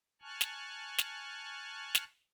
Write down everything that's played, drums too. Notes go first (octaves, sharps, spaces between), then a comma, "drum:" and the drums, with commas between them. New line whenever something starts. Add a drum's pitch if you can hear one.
G#5 A5 C#6 F6 F#6
drum: snare
drum: snare
drum: snare